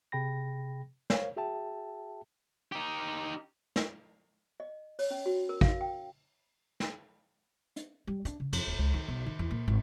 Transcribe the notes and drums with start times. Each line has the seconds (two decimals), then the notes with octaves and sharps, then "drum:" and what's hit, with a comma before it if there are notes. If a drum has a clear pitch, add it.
0.12 C3 G#4 G5 B5 A#6
1.10 A#4 C5 C#5 F5, drum: snare
1.36 F#4 G#4 E5 G5 A5
2.72 D#4 G4
3.76 drum: snare
4.60 D#5
4.99 C#5, drum: open hi-hat
5.11 C#4
5.26 F#4
5.49 A#4
5.61 F5, drum: kick
5.81 G5
6.80 drum: snare
7.77 drum: hi-hat
8.07 G3
8.25 D4, drum: hi-hat
8.40 C#3
8.53 F2, drum: cymbal
8.67 D1
8.79 C#2
8.94 D#3
9.08 B1
9.26 D#3
9.39 E2
9.51 A#2
9.68 G#1